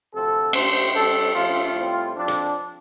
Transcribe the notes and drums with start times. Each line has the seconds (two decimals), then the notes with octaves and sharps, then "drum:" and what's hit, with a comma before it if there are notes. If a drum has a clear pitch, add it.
0.14 D2 C3 F3 C4 A4
0.53 D2 D3 F3 A3 C4 C5, drum: cymbal
0.94 G2 G3 C4 A4
1.34 F2 F3 A3 F4
1.75 A2 G3 C4
2.15 F2 F3 C4 D4
2.28 drum: hi-hat